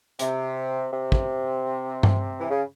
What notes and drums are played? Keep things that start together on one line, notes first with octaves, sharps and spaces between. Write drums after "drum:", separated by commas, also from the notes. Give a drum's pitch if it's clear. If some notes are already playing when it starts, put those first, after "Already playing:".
C3, drum: hi-hat
C3
drum: kick
drum: tom G2
E3
C#3